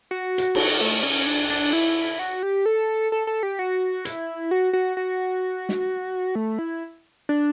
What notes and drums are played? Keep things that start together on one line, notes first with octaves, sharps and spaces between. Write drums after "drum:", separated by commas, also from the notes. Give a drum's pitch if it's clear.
F#4
drum: hi-hat
drum: cymbal
A3, drum: cymbal
C#4
D4
D4
E4
F#4
G4
A4
A4
A4
G4
F#4
E4, drum: hi-hat
F#4
F#4
F#4
drum: snare
A3
E4
D4